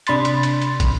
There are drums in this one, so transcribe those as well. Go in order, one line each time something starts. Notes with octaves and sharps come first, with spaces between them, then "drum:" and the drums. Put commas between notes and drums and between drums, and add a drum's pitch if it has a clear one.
C3 D4 B5 C6 A6, drum: hi-hat
drum: hi-hat
drum: hi-hat
drum: hi-hat
drum: kick, hi-hat